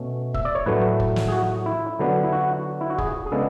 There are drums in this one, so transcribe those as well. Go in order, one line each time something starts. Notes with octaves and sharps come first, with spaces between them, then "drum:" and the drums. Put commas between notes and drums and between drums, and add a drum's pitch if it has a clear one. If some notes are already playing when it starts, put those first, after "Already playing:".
Already playing: B2 A3 C#4
E5, drum: kick
D5
C#5
A2 F#3 A3 D4 B4
drum: kick
drum: snare
G#4
F#4
E4
D3 F#3 B3 D4
E4
F#4
E4
F#4
G#4, drum: kick
G#4
C#3 G#3 B3 D4 A4